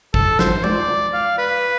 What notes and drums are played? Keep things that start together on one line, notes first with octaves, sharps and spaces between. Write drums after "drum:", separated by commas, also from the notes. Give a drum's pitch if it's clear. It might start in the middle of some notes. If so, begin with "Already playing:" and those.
A4, drum: kick
C5, drum: snare
D5, drum: tom G#3
F5
B4